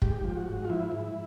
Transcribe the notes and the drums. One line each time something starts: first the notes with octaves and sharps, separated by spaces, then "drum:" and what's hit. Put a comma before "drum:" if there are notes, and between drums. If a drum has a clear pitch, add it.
G#2 G4, drum: kick
F3
F#4
G#2
F4
F3 E4
G#2